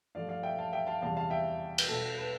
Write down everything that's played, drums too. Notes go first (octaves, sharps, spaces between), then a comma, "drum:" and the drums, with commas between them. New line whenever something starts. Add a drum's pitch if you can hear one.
G2 F3 A3 D5 F5
D5 F5
E5 G5
F5 A5
E5 G5
F5 A5
E2 C3 G3 F5 A5
F5 A5
E5 G5
drum: cymbal
B2 G3 A4
B4